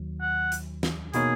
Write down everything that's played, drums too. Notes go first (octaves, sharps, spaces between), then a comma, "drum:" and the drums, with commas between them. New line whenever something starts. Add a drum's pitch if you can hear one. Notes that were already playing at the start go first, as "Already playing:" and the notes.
Already playing: D#2 D#3 F#3
F#5
drum: hi-hat
drum: snare
B2 A#3 D#4 G#4 A#4 C#5, drum: hi-hat